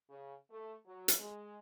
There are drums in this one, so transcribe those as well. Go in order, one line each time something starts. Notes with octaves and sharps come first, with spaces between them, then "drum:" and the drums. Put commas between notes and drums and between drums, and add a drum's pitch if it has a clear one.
C#3
A3
F#3
drum: hi-hat
G#3